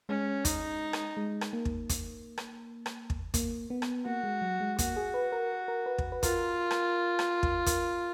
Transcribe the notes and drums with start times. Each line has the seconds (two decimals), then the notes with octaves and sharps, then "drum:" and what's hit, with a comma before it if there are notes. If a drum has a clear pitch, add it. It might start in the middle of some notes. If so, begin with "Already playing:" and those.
0.09 G#3 C#4
0.45 D#4, drum: kick, hi-hat
0.93 drum: rim click
1.17 G#3
1.41 drum: rim click
1.53 A#3
1.65 drum: kick
1.89 drum: kick, hi-hat
2.38 drum: rim click
2.86 drum: rim click
3.10 drum: kick
3.34 A#3, drum: kick, hi-hat
3.70 B3
3.82 drum: rim click
4.05 A#3 F#4
4.24 G#3
4.42 F#3
4.60 G#3
4.79 A#3 F#4, drum: kick, hi-hat
4.97 G#4
5.14 B4
5.32 A#4
5.68 A#4
5.86 B4
5.98 drum: kick
6.12 B4
6.23 F4 A#4, drum: kick, hi-hat
6.71 drum: rim click
7.19 drum: rim click
7.43 drum: kick
7.66 A#4, drum: kick, hi-hat